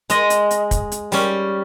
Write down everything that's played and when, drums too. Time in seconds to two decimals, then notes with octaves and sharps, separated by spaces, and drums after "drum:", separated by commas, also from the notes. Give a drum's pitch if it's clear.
0.10 G#3 D#5, drum: hi-hat
0.30 drum: hi-hat
0.51 drum: hi-hat
0.71 drum: kick, hi-hat
0.92 drum: hi-hat
1.12 G3 C#4, drum: open hi-hat